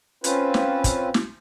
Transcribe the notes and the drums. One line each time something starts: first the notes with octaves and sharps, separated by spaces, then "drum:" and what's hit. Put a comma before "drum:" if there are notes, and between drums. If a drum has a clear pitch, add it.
C4 C#4 F4 B4 C5, drum: hi-hat
drum: snare
drum: kick, hi-hat
drum: snare